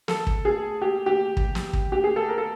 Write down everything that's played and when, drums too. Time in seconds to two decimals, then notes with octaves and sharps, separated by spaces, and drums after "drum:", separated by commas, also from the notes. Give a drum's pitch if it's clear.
0.08 A4, drum: snare
0.27 drum: kick
0.45 G#4
0.81 G4
1.06 G4
1.37 drum: kick
1.55 drum: snare
1.73 drum: kick
1.92 G4
2.04 G#4
2.16 A4
2.28 A#4
2.38 A4